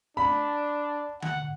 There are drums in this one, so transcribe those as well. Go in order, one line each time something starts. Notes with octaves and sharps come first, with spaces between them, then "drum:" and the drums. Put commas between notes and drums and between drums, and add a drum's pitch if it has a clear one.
D4 B5
F#5, drum: tom D3